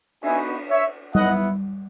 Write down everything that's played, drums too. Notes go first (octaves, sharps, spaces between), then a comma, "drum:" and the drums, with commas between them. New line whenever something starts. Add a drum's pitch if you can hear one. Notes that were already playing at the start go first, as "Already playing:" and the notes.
B3 D#4 F#4 E5 G#5, drum: cymbal
C#5 E5
B3 E4 D#5 F#5, drum: tom G3